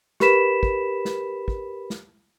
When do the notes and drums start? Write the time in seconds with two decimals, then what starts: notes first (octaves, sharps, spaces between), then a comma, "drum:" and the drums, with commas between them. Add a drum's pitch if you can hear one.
0.20 G4 A#4 B4 B5 B6 E7, drum: snare
0.63 drum: kick
1.05 drum: snare
1.48 drum: kick
1.90 drum: snare